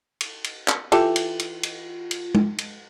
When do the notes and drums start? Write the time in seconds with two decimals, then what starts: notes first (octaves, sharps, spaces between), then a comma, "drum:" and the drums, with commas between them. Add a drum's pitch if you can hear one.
0.21 drum: cymbal
0.44 drum: cymbal
0.68 drum: clap
0.92 E3 F4 G4 A4, drum: cymbal
1.16 drum: cymbal
1.39 drum: cymbal
1.63 drum: cymbal
2.11 drum: cymbal
2.35 drum: tom G#3
2.58 drum: cymbal